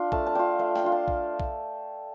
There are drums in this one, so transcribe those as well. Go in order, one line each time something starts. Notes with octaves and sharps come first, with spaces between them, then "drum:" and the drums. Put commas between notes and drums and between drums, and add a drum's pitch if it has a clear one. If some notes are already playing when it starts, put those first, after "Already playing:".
Already playing: D4 F4
A3 A5, drum: kick
A5
D4 F4 G5
A3 F5
G5, drum: snare
D4 F4
A5
drum: kick
drum: kick